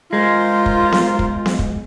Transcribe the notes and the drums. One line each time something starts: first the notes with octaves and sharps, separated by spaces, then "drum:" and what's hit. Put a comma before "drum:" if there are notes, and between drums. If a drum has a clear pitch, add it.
G#3 F4 A#4 C5
drum: kick
drum: snare B3
drum: kick
drum: snare B3
drum: kick